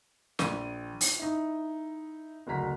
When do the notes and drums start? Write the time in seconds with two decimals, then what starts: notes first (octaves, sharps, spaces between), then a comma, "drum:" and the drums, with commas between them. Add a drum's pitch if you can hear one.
0.39 A#1 D#7, drum: snare
1.01 drum: open hi-hat
1.19 D#4 E4
2.47 F#1 D2 F#3 A#5 B6